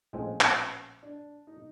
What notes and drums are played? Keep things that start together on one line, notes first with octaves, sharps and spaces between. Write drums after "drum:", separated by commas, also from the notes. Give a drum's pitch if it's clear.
A#1 A2 F3 G#3 C4 C#4
drum: clap
D4
D#4